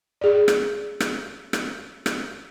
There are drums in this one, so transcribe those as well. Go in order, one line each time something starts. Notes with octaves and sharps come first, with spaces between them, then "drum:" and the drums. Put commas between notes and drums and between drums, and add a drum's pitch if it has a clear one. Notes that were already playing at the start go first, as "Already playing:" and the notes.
G#4 D5
drum: rim click
drum: rim click
drum: rim click
drum: rim click